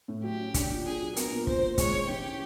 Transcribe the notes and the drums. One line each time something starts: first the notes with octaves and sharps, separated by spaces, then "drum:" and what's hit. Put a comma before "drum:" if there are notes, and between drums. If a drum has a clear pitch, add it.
A2
F#3 G4
C#4
D4, drum: kick, hi-hat
A#2
D4 G#4
F#3
B3 A#4, drum: hi-hat
A#2
A#2 C5, drum: kick
A#2
G#3 C#5, drum: kick, hi-hat
C#4
E3 G4
C#4